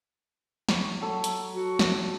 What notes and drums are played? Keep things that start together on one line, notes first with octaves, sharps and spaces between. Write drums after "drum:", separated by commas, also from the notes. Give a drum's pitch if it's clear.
C#5 B5, drum: snare
F#3 A4
drum: hi-hat
F#4
drum: snare